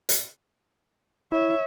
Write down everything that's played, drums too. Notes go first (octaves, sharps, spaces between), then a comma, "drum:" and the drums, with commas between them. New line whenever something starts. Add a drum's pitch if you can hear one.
drum: hi-hat
E4 C#5 E5